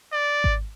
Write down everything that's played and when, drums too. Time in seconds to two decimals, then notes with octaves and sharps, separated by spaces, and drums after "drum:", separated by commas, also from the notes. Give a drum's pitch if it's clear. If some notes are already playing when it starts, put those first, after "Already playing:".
0.13 D5
0.44 drum: kick G#1